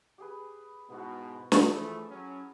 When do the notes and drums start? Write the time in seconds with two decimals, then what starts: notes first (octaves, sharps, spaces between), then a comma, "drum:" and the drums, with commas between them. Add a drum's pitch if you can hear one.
0.18 G4 G#4 B4
0.90 G#2 B2 B3 E4 F#4
1.52 drum: snare
1.62 E3 F3 A3 G#4 E5 A5
2.10 F#3 C#4